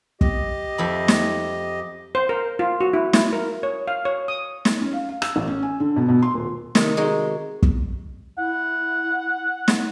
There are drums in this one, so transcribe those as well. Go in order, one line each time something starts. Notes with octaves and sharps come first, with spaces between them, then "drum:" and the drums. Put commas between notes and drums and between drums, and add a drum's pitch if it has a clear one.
G4 D#5, drum: kick
F2 E5 B5
drum: snare
C5
A#4
F4
F#4
E4
E4, drum: snare
A#4
C#5
F5
C#5
D#6
drum: snare
C#4
F5
F5
E6, drum: rim click
A1
C#4
G#5
D3
B2
B2
C6
D#1
C3 D#3, drum: snare
G#3 D#4 F#4
drum: kick
E4 F#5
drum: snare